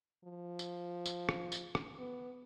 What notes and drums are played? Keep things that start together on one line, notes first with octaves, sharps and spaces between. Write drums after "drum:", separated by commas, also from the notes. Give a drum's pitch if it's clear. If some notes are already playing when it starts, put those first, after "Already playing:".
F3
drum: tambourine
drum: tambourine
drum: rim click
drum: tambourine
drum: rim click
B3